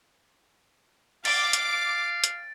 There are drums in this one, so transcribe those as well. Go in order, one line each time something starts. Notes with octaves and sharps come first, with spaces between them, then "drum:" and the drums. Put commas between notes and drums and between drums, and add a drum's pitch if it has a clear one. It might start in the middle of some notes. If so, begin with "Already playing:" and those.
F5 D6 A6 D7, drum: cymbal
drum: hi-hat
drum: hi-hat